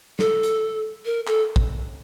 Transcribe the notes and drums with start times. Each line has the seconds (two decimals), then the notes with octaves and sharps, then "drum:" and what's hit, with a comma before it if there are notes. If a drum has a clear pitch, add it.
0.19 A4, drum: snare
0.43 drum: hi-hat
1.05 A#4
1.27 A4, drum: clap
1.56 drum: kick